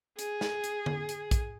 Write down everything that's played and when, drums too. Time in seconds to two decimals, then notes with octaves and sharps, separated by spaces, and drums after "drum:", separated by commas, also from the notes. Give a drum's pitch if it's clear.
0.19 G#4, drum: hi-hat
0.41 drum: snare
0.64 drum: hi-hat
0.86 drum: tom D3
1.09 drum: hi-hat
1.31 drum: kick, hi-hat